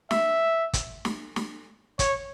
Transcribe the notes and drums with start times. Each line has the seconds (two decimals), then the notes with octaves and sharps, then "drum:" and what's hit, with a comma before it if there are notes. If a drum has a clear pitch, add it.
0.11 E5, drum: snare
0.73 drum: kick, hi-hat
1.05 drum: snare
1.36 drum: snare
1.99 C#5, drum: kick, hi-hat